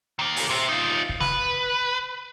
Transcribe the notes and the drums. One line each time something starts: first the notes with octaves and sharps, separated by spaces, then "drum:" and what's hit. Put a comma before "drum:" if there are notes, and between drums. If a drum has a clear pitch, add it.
D#3 A#3
drum: open hi-hat
C5 E5
D#4 F4
drum: kick
B4, drum: snare